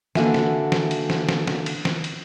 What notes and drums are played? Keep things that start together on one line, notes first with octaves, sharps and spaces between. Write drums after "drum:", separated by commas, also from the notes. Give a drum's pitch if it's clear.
D3 E3 A#3 F#4 E5 G#5, drum: snare
drum: snare
drum: snare
drum: cymbal
drum: snare
drum: snare
drum: snare
drum: cymbal
drum: snare
drum: cymbal